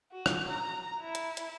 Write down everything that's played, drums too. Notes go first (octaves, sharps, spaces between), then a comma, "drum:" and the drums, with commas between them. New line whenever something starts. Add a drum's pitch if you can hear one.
F#4
drum: rim click
A#5
E4
drum: hi-hat
drum: hi-hat